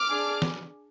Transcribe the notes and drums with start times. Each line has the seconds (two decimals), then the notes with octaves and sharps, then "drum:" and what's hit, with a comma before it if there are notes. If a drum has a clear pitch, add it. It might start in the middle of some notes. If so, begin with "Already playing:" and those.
Already playing: D6 F6
0.10 D4 G#4
0.42 drum: snare